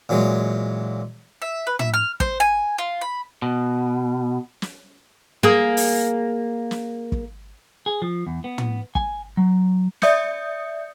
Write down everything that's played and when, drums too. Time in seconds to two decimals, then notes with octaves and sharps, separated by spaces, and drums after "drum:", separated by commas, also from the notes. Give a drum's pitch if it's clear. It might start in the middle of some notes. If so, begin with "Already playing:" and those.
0.09 A#2 E3 F#3 G#3
1.42 E5
1.67 B4
1.79 E5, drum: tom
1.94 F6
2.20 C5, drum: kick
2.40 G#5
2.78 F4
3.01 B5
3.42 B2
4.62 drum: snare
5.43 A#3 G#4
5.77 drum: open hi-hat
6.71 drum: snare
7.12 drum: kick
7.86 G#4
8.02 F3
8.27 E2
8.44 B3
8.58 drum: tom
8.95 G#5, drum: kick
9.37 F#3
10.02 D5 E5 D#6 G6 C#7, drum: snare